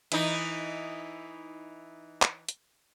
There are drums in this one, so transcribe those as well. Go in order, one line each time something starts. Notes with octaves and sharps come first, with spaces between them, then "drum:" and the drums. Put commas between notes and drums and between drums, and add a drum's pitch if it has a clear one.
E3 D#4, drum: cymbal
drum: clap
drum: hi-hat